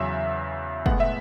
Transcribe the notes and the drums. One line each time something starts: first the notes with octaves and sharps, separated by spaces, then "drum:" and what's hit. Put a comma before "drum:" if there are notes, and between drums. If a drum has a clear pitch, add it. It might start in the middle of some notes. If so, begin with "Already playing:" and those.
Already playing: E2 C#3 F#3 E5
A2 G#3 B3 F#5, drum: kick
E5